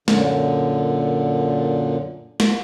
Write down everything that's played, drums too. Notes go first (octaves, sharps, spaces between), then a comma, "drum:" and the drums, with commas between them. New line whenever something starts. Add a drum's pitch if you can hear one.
F#2 A#2 D3, drum: snare
drum: snare